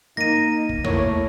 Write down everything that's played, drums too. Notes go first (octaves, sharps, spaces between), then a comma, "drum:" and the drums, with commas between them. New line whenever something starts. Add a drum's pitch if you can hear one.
A#3 D#4 A#6 D#7
drum: kick
A3 A#3 E4 C#5, drum: tom